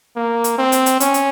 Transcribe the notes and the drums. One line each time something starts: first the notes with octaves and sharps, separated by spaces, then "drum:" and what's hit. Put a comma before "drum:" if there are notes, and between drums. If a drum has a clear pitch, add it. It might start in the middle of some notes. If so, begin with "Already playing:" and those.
A#3
drum: hi-hat
C4
drum: hi-hat
drum: hi-hat
C#4, drum: hi-hat
drum: hi-hat